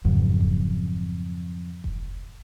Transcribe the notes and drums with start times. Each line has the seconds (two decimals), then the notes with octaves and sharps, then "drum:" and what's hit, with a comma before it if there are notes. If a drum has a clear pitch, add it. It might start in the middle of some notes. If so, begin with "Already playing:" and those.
0.05 F2 G#2 C#3 F#3
0.41 drum: kick F1
1.84 drum: kick F1